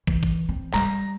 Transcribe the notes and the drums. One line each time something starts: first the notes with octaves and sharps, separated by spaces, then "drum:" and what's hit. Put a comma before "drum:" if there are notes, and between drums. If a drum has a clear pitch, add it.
E3, drum: kick
drum: kick
C4
G3 A#5, drum: clap